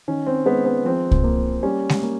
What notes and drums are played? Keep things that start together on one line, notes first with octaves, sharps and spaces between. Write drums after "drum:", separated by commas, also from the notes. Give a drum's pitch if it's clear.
D#3 C#4
C4
G#3 B3
B3
F3 C4
drum: kick C2
A#3
G3 C#4
drum: snare G#3
A#3